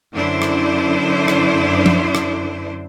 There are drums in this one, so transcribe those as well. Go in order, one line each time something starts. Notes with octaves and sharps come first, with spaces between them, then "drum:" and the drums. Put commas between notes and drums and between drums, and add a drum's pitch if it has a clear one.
F#2 D3 D4 E4 C5
drum: rim click
drum: rim click
drum: tom F3
drum: rim click